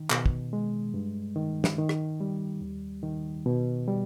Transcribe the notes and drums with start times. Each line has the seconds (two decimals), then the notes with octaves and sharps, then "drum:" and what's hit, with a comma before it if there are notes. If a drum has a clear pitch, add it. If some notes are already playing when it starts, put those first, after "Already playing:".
Already playing: D#3
0.10 B2, drum: clap
0.26 drum: kick
0.53 G#3
0.94 G2
1.36 D#3
1.64 drum: snare
1.78 D#3
1.89 drum: rim click
2.20 G3
2.61 D#2
3.03 D#3
3.46 B2
3.88 G3